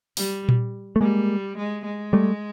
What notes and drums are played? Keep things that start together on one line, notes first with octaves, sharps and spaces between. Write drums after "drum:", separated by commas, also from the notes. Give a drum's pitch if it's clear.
G3, drum: open hi-hat
drum: tom A#2
A3
G3 G#3 A#3
G#3
G#3
G3 A3